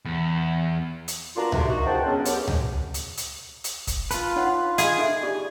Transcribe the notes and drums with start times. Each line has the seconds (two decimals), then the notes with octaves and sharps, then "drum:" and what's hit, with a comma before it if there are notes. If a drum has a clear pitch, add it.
0.05 E2
1.08 drum: hi-hat
1.36 A#3 B3 D4 F4 F#4 A#5
1.52 D2 C3, drum: tom C#2
1.67 A#3 D#4 F#4
1.85 C#2 B3 C5 F#5 G5 A5
2.06 C#3 F#3 G#3 B3 C#4 D4
2.25 F#2 B3 C#4 G4, drum: hi-hat
2.47 drum: tom C#2
2.94 drum: hi-hat
3.17 drum: hi-hat
3.64 drum: hi-hat
3.87 drum: kick, hi-hat
4.11 F4 B4 A5, drum: hi-hat
4.36 D#4 C#5 F#5
4.78 G#4 D#5 F5 B5, drum: hi-hat
4.98 D#4 A4 E5
5.23 F4 G4 D5